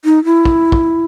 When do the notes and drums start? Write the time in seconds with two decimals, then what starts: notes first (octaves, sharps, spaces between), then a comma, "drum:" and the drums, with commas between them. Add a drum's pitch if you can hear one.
0.05 D#4
0.25 E4
0.45 drum: kick
0.72 drum: kick